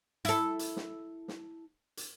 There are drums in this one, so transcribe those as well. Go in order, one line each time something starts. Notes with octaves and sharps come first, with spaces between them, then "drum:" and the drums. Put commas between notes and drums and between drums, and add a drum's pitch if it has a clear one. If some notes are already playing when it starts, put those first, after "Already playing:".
E4 A4, drum: hi-hat
drum: hi-hat
drum: snare
drum: snare
drum: hi-hat